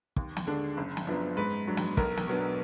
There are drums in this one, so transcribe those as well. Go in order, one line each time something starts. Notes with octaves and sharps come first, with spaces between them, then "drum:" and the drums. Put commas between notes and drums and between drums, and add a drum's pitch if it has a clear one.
D#2, drum: kick
drum: snare
D3 G#3 D4
F#1
drum: snare
F#2 F3 B3 D4
G#2 B4
F#3 D4
drum: snare
B1 A#4, drum: kick
drum: snare
B2 F#3 B3 D4